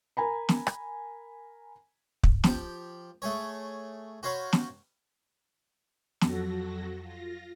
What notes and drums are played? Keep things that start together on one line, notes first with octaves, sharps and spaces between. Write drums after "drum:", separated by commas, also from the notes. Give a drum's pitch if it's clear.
A#4 G#5 A#5 B5
drum: snare
drum: rim click
drum: kick
F3 G4, drum: snare
A3 G#4 C#5
F#4 C5 C#5 F5 B5
drum: snare
F2 F#3 F#4 A4 A#6, drum: snare
F4 A#6